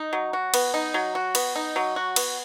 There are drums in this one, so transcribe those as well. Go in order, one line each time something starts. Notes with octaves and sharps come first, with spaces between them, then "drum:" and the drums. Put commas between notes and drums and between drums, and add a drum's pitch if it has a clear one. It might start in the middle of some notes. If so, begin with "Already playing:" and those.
Already playing: D#4
F#3
F#4
B3, drum: cymbal
D#4
F#3
F#4
B3, drum: cymbal
D#4
F#3
F#4
B3, drum: cymbal